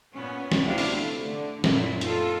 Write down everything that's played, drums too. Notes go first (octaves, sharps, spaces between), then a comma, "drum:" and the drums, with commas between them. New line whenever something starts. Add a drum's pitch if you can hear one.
A#2 B3 C#4
drum: snare
D2 C3 B3 D4 E4 F5
drum: open hi-hat
A3
D3
F#2 A#2 A3 E4, drum: snare
C4 D#4 F4 A4, drum: hi-hat